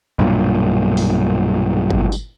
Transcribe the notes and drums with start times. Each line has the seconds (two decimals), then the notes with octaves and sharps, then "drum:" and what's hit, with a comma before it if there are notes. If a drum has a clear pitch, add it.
0.19 B1 G2 A#2
0.97 drum: open hi-hat
1.90 drum: kick G1
2.12 drum: tambourine